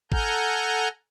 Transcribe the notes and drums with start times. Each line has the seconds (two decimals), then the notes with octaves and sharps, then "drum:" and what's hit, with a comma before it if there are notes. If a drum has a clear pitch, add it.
0.12 A4 F#5 G#5 A#5 F6 G6, drum: kick